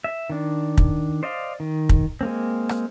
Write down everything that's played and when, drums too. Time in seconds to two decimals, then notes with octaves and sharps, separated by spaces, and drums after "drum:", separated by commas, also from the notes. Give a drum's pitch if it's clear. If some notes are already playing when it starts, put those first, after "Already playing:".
0.04 E5
0.30 D#3 D4
0.78 drum: kick
1.23 C5 D5 D#5 F5
1.60 D#3
1.89 drum: kick
2.21 G#3 A#3 C4
2.69 drum: rim click